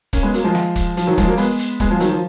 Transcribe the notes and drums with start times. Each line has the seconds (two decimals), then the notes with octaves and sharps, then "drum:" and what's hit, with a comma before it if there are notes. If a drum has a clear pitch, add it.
0.13 A#3 C#4, drum: kick, hi-hat
0.23 G#3 B3
0.34 F#3 A#3, drum: hi-hat
0.44 F3 G#3
0.55 drum: snare
0.76 drum: kick, hi-hat
0.97 F3, drum: hi-hat
1.07 D#3 F#3
1.18 F3 G#3, drum: kick, hi-hat
1.27 F#3 A#3
1.38 G#3 B3, drum: open hi-hat
1.59 drum: hi-hat
1.80 G#3 B3, drum: kick, hi-hat
1.90 F3 G#3
2.00 D#3 F#3, drum: hi-hat
2.12 F3